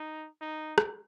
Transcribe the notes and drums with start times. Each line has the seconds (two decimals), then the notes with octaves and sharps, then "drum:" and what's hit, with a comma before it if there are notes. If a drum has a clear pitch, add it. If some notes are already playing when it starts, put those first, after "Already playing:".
Already playing: D#4
0.42 D#4
0.78 drum: rim click